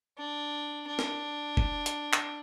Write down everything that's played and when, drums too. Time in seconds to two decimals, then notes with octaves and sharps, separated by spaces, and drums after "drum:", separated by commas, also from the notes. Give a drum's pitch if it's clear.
0.18 D4
0.88 D4
0.99 drum: snare
1.57 drum: kick
1.86 drum: hi-hat
2.13 drum: clap